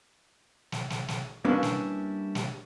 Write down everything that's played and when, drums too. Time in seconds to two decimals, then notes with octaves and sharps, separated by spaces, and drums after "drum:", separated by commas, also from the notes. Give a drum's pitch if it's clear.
0.72 drum: snare
0.90 drum: snare
1.08 drum: snare
1.45 G3 A#3 C#4 D4 E4 B4
1.63 drum: snare
2.35 drum: snare